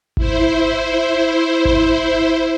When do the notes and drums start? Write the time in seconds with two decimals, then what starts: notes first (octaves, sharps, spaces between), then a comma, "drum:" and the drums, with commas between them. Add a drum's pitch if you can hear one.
0.17 E4 C5, drum: kick G#1
1.65 drum: kick G#1